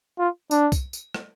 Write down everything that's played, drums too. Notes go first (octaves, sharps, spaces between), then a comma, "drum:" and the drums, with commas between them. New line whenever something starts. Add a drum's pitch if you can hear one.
F4
D4, drum: tambourine
drum: kick C2, tambourine
drum: tambourine
drum: rim click